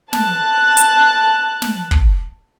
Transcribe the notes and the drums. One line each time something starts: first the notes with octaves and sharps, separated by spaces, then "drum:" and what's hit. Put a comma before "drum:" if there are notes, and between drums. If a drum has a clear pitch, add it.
A5 F#6, drum: snare
drum: hi-hat
drum: snare
drum: kick